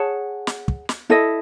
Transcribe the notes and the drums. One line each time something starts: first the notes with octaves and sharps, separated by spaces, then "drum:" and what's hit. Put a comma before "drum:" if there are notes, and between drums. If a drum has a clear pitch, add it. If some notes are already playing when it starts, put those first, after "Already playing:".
Already playing: G#4 C#5 F#5 A5
drum: snare
drum: kick
drum: snare
E4 A4 D#5